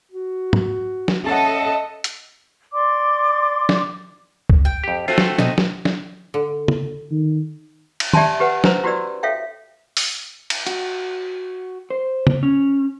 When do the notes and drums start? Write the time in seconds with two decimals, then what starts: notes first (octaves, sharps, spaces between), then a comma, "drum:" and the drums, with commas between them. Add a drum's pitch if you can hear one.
0.12 F#4
0.53 drum: tom
1.08 drum: snare
1.26 C#4 A4 D#5 E5 F#5 A5
2.04 drum: hi-hat
2.73 D5 C6 D6
3.69 drum: snare
4.50 drum: kick C#2
4.65 G5
4.84 F2 G4
5.08 A3 C4 F4 F#4
5.18 drum: snare
5.39 B2 D#4 D#5, drum: snare
5.58 drum: snare
5.85 drum: snare
6.34 D3
6.68 drum: tom
7.11 D#3
8.00 drum: cymbal
8.13 G4 D5 E5 G#5 A5 C6, drum: tom
8.40 G4 B4 F#5
8.64 C#4 D4 B4 C5 A#5 E6, drum: snare
8.84 E4 F#4 G4 B4 D5 E6
9.23 A4 C#5 E5 F5 G5
9.97 drum: open hi-hat
10.50 drum: cymbal
10.67 F#4, drum: hi-hat
11.90 C5
12.27 drum: tom
12.43 C#4